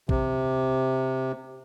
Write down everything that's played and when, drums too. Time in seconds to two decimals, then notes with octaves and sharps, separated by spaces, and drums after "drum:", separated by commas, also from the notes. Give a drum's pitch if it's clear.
0.09 C3, drum: kick A#1